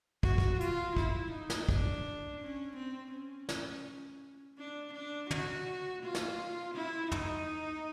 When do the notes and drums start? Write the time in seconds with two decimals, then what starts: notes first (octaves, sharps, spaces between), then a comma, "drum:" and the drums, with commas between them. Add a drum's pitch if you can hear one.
0.23 F#4, drum: kick
0.38 drum: kick
0.60 F4, drum: hi-hat
0.97 E4, drum: kick
1.32 D#4
1.50 drum: snare
1.69 D4, drum: kick
2.41 C#4
2.77 C4
3.13 C#4
3.49 drum: snare
4.58 D4
4.94 D4
5.31 F#4, drum: tom
6.03 F4
6.15 drum: snare
6.75 E4
7.12 D#4, drum: tom